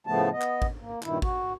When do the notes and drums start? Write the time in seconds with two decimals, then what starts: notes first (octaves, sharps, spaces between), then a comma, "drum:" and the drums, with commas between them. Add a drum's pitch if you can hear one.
0.07 A2 C#3 F3 A3 B3 A5
0.32 B3 D#5
0.41 drum: clap
0.62 drum: kick G#1
0.80 A#3
1.03 G2 A#2 D#3 E4, drum: clap
1.22 F#4, drum: kick G#1